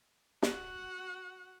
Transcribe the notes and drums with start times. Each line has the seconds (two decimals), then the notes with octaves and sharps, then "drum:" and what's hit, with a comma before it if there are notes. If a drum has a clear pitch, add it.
0.43 F#4 F#5, drum: snare